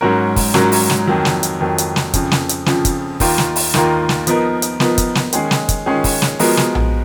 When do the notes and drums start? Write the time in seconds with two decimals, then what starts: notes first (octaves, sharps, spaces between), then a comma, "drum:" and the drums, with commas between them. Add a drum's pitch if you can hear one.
0.01 G#2 F#3 C#4 F#4 A#4
0.36 drum: kick, open hi-hat
0.54 G#2 F#3 C#4 F#4 A#4, drum: snare
0.72 drum: open hi-hat
0.90 drum: snare
1.07 F2 D#3 F#3
1.25 drum: snare
1.43 drum: hi-hat
1.61 F2 D#3 F#3
1.78 drum: hi-hat
1.96 drum: snare
2.14 F2 C#3 F3, drum: kick, hi-hat
2.31 drum: snare
2.49 drum: hi-hat
2.66 F2 C#3 F3, drum: snare
2.85 drum: kick, hi-hat
3.20 D#2 D#3 A#3 F4 A#4, drum: kick, open hi-hat
3.38 drum: snare
3.56 drum: open hi-hat
3.74 D#2 D#3 A#3 F4 A#4, drum: snare
4.09 drum: snare
4.27 F3 B3 D#4 A#4, drum: hi-hat
4.62 drum: hi-hat
4.80 F3 B3 D#4 A#4, drum: snare
4.98 drum: kick, hi-hat
5.15 drum: snare
5.33 D#3 G#3 C#4 G#4, drum: hi-hat
5.51 drum: snare
5.69 drum: kick, hi-hat
5.86 D#3 G#3 C#4 G#4
6.04 drum: kick, open hi-hat
6.22 drum: snare
6.39 F3 G#3 B3 F#4 A#4, drum: open hi-hat
6.57 drum: snare
6.75 drum: tom A#1